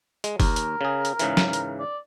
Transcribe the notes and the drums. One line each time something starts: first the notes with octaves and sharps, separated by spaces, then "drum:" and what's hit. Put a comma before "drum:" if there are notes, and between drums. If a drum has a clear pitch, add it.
G#3, drum: hi-hat
D#2 A#4, drum: kick F#1, open hi-hat
drum: hi-hat
C#3 G#4
drum: hi-hat
G#2 C#3 E3, drum: hi-hat
drum: snare
drum: hi-hat
D5